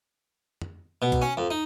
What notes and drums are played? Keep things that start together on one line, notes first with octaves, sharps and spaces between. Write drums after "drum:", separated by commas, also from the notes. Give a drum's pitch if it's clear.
drum: tom
B2
drum: kick A#1, hi-hat
C#4
F2
D#4